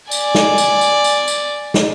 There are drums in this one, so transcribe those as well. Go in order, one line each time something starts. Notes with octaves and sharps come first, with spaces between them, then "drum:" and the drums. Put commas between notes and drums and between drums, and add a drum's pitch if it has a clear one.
D5 G#5, drum: tambourine
drum: snare
drum: tambourine
drum: tambourine
drum: tambourine
drum: tambourine
drum: snare